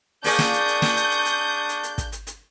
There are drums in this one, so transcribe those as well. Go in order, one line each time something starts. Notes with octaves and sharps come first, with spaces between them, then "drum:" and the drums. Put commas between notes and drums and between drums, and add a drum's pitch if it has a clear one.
A#3 D4 G#4 D5 C#6 D#6 G6, drum: open hi-hat
drum: snare
drum: hi-hat
drum: hi-hat
drum: snare
drum: hi-hat
drum: hi-hat
drum: hi-hat
drum: hi-hat
drum: hi-hat
drum: kick, hi-hat
drum: hi-hat
drum: hi-hat